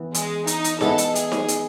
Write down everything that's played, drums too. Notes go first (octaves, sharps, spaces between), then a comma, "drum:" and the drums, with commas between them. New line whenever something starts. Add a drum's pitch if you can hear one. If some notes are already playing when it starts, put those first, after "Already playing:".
Already playing: E3 B3
G#3, drum: hi-hat
D#4, drum: hi-hat
drum: hi-hat
G#3 B3 E4 A4, drum: snare D#4
drum: hi-hat
G#4, drum: hi-hat
drum: snare D#4
drum: hi-hat